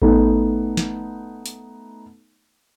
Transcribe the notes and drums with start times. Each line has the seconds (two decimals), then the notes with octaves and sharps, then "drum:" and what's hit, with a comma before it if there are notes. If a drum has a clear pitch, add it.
0.02 A3 B3 D#4, drum: kick A1
0.77 drum: snare
1.46 drum: hi-hat